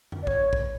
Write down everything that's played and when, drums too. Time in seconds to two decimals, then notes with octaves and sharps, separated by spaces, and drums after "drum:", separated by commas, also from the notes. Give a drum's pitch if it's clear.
0.12 drum: tom F#2
0.23 D5
0.27 C#5, drum: kick A#1
0.53 drum: kick A#1